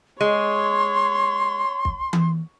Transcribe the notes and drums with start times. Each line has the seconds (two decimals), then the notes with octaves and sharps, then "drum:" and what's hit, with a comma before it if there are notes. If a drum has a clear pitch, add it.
0.21 G#3 C#5 C6
1.85 drum: kick
2.13 drum: tom E3